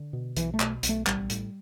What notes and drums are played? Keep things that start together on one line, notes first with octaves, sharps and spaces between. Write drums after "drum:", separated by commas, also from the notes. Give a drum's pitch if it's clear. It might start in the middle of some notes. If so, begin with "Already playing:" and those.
Already playing: D3
B2
B1 E3, drum: hi-hat
A3
B2, drum: clap
B1, drum: hi-hat
A3
A1 G3, drum: clap
A2, drum: hi-hat